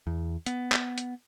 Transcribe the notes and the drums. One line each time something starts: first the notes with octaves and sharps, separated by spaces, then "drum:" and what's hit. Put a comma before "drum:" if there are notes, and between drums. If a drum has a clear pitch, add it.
E2
B3, drum: hi-hat
drum: clap
drum: hi-hat